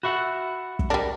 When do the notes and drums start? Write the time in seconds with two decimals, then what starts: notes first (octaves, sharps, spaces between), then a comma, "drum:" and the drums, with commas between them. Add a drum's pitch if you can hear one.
0.03 F#4 E5 F#5 B5 C#6 C#7
0.79 drum: kick
0.90 G3 D4 A#4